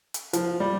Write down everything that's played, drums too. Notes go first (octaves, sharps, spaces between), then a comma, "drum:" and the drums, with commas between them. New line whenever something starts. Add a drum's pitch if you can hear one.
drum: hi-hat
F3, drum: hi-hat
G3